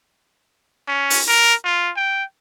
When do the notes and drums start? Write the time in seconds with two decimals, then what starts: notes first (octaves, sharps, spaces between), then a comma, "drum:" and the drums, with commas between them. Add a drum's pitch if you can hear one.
0.87 C#4
1.10 drum: open hi-hat
1.28 A#4
1.65 F4
1.96 G5